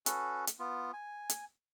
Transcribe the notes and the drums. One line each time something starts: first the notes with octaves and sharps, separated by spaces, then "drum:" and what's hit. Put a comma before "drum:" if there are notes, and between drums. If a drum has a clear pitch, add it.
C#4 F#4 A4 B4, drum: hi-hat
drum: hi-hat
B3 F4
G#5
drum: hi-hat